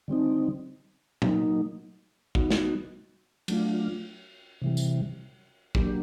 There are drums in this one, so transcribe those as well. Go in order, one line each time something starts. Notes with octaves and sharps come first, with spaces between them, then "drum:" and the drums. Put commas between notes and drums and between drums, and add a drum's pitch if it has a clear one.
D3 G3 C4 D#4
F#3 A#3 D#4, drum: tom A#2
G3 B3 D#4 F#4, drum: kick A1
drum: snare
F#3 A3 D4 F4, drum: cymbal
C3 E3 G3
drum: tambourine
F#3 A#3 D4 G4, drum: kick A1